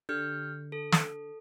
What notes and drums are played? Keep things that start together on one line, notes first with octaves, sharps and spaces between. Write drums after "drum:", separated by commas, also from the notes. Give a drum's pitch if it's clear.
D3 G4 F6 G6
A4
drum: snare